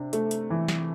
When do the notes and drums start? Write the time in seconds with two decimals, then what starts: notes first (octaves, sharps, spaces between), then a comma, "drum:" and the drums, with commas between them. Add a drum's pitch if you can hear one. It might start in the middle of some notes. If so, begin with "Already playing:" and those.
Already playing: C3 D4
0.13 A3, drum: hi-hat
0.31 drum: hi-hat
0.50 E3
0.68 drum: snare